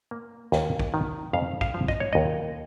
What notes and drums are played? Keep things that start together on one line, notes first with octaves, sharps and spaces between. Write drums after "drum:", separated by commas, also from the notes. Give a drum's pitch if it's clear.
A#3
D#2, drum: snare
drum: kick
D#3
F2 F5
F5, drum: kick
F3
D#5, drum: kick
C#5
D#2 D#5